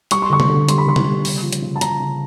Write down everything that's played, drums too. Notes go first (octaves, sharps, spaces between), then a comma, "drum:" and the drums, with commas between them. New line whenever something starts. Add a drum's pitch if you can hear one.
G3 C#6, drum: hi-hat
C6
D3 C#6
drum: tom C3
D3
G3 C6, drum: hi-hat
B5
D3 C6
drum: tom C3
G3
C#3, drum: open hi-hat
F3
drum: hi-hat
C#3
A5
C#3 A#5, drum: hi-hat
C#3